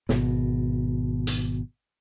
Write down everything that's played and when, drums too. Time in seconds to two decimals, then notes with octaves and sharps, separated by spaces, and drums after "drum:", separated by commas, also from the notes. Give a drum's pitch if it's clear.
0.09 G#1 B2, drum: snare
1.27 drum: hi-hat